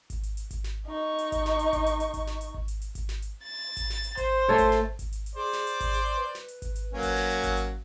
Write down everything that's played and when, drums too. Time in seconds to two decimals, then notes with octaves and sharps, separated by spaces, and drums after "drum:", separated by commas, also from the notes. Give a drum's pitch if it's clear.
0.10 drum: kick G#1, hi-hat
0.23 drum: hi-hat
0.37 drum: hi-hat
0.51 drum: kick G#1, hi-hat
0.64 drum: snare
0.87 D#4 C#6
1.19 drum: hi-hat
1.32 drum: kick G#1, hi-hat
1.46 drum: snare
1.59 drum: hi-hat
1.73 drum: kick G#1, hi-hat
1.86 drum: hi-hat
2.00 drum: hi-hat
2.14 drum: kick G#1, hi-hat
2.27 drum: snare
2.41 drum: hi-hat
2.54 drum: kick G#1
2.68 drum: hi-hat
2.82 drum: hi-hat
2.95 drum: kick G#1, hi-hat
3.09 drum: snare
3.22 drum: hi-hat
3.44 A6
3.77 drum: kick G#1, hi-hat
3.90 drum: snare
4.04 drum: hi-hat
4.17 C5, drum: kick G#1, hi-hat
4.48 A3 A4 C#5
4.58 drum: kick G#1, hi-hat
4.72 drum: snare
4.99 drum: kick G#1, hi-hat
5.13 drum: hi-hat
5.26 drum: hi-hat
5.35 G#4 C5 D5
5.53 drum: snare
5.67 drum: hi-hat
5.80 drum: kick G#1, hi-hat
5.94 drum: hi-hat
6.16 B4
6.35 drum: snare
6.48 drum: hi-hat
6.62 drum: kick G#1, hi-hat
6.76 drum: hi-hat
6.93 F#3 A#3 C#4
7.03 drum: kick G#1, hi-hat
7.16 drum: snare
7.30 drum: hi-hat
7.43 drum: kick G#1, hi-hat
7.57 drum: hi-hat